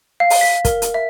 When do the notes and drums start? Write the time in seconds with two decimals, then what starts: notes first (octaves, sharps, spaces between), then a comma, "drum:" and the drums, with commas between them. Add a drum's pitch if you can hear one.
0.20 F5
0.30 drum: open hi-hat
0.41 B6
0.65 A#4, drum: kick, hi-hat
0.82 drum: hi-hat
0.94 E5